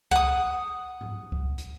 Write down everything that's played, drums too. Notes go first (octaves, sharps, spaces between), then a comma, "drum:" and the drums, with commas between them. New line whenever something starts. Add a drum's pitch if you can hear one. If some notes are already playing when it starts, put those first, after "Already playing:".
F#5 D#6, drum: kick C#2
drum: tom G#2
drum: kick C#2
drum: hi-hat